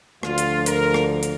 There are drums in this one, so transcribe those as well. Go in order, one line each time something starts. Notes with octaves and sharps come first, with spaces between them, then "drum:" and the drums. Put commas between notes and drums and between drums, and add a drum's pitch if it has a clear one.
D2 D3 F3 F4, drum: rim click
drum: hi-hat
A#4, drum: hi-hat
drum: rim click
drum: hi-hat